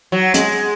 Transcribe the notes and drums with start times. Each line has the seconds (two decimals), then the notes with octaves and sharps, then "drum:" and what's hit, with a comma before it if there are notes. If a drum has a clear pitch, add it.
0.12 F#3
0.34 G#3, drum: hi-hat